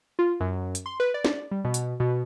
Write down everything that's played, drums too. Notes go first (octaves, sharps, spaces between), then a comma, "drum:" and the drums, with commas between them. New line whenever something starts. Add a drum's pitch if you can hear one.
F4
F#2
drum: hi-hat
C6
B4
D5
drum: snare
G3
B2
drum: hi-hat
B2